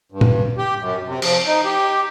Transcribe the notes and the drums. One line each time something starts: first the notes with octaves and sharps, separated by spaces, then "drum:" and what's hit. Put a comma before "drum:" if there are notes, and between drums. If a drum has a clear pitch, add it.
G2
drum: tom A#2
G4
F#2
C3
F3, drum: cymbal
D#4
G4